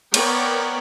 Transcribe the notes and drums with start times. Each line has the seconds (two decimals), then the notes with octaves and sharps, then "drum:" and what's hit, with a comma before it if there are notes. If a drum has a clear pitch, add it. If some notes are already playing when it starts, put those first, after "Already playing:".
0.14 B3 A#4 C#5 D5 G5, drum: cymbal